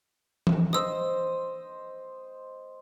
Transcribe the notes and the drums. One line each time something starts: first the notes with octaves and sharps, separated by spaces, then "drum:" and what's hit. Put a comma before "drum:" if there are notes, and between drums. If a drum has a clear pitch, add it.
drum: tom E3
C5 D#5 D#6 E6